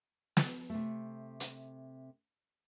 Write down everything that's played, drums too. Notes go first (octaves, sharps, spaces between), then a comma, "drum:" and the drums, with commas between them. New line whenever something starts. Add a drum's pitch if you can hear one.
drum: snare
C3 A3
drum: hi-hat